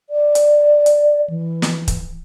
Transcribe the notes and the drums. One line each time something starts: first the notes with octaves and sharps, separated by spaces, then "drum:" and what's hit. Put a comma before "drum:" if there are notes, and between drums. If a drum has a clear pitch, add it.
D5
drum: hi-hat
drum: hi-hat
E3
drum: snare
drum: kick, hi-hat